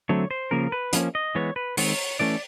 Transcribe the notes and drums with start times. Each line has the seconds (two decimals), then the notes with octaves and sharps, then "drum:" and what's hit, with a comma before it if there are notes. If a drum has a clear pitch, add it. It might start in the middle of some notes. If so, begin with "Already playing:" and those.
0.09 D3 F#3 A3 C4 C#5
0.31 C5
0.51 C#3 F3 A#3 A#4
0.72 B4
0.93 F3 A#3 C#4, drum: hi-hat
1.15 D#5
1.35 E3 G#3 B3 C#5
1.56 B4
1.77 D#3 G#3 C4 C#5, drum: open hi-hat
2.19 E3 A3 C#4 D5